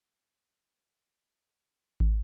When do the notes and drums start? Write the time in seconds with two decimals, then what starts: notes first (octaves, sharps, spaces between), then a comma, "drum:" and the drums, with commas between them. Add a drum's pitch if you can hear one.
0.20 A2 F#3 F4 F5 G5 C6
2.00 drum: kick